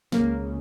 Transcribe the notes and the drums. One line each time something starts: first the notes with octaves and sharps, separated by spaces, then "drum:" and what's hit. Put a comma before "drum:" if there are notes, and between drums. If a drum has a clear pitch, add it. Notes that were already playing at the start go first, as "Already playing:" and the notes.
C#2 C#3 A#3, drum: snare